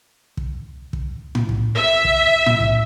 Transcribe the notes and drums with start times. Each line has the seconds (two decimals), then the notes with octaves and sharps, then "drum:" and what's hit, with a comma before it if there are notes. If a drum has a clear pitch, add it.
0.37 drum: kick
0.93 drum: kick
1.35 drum: tom A2
1.49 drum: kick
1.77 E5
2.05 drum: kick
2.46 drum: tom A2
2.60 drum: kick